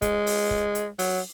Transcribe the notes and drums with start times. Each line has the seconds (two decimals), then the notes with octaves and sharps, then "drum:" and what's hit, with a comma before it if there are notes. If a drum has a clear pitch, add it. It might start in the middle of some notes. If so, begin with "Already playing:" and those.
0.02 G#3, drum: kick, hi-hat
0.27 drum: open hi-hat
0.51 drum: kick
0.75 drum: hi-hat
0.99 F#3, drum: open hi-hat